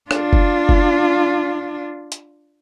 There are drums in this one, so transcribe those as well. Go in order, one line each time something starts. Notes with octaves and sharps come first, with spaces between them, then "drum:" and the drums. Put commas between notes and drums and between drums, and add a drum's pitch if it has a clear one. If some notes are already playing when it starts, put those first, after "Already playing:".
D4 F4, drum: rim click
drum: kick F#1
drum: kick F#1
drum: hi-hat